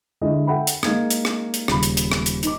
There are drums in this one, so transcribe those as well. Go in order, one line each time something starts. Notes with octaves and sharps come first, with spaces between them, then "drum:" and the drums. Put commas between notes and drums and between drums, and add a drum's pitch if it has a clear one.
D3 G#3 D4 E4 D#5
A4 E5 F#5 G5 B5
drum: hi-hat
G#3 A#3 D#4 G#6, drum: rim click
drum: hi-hat
drum: rim click
drum: hi-hat
D#1 C#3 B5, drum: rim click
drum: hi-hat
drum: hi-hat
drum: rim click
drum: hi-hat
D#4 D6, drum: hi-hat